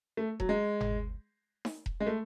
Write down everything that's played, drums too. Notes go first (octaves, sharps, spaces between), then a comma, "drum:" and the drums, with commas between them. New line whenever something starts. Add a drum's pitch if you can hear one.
A3
F#3, drum: kick E1
G#3
drum: tom G1
drum: snare D#4
drum: kick E1
G#3
A3